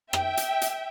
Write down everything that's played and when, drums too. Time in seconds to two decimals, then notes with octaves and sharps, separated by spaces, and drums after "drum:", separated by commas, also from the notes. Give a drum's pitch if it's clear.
0.13 E5 G5, drum: rim click
0.37 drum: hi-hat
0.62 drum: hi-hat